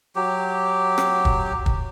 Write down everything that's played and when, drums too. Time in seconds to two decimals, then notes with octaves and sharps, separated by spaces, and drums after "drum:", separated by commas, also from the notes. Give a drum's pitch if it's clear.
0.16 F#3 G4
0.98 drum: rim click
1.25 drum: kick
1.66 drum: kick